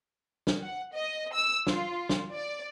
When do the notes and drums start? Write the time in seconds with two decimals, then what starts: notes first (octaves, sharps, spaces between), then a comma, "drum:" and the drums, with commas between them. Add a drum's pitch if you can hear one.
0.47 drum: snare
0.62 F#5
0.95 D#5
1.34 E6
1.67 F4, drum: snare
2.09 drum: snare
2.34 D5